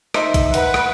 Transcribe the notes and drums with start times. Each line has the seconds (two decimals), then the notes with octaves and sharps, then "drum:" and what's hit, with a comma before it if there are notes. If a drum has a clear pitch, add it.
0.14 D#4 C5 E5, drum: rim click
0.34 drum: kick A#1, hi-hat
0.54 B4 F#5, drum: hi-hat
0.74 drum: rim click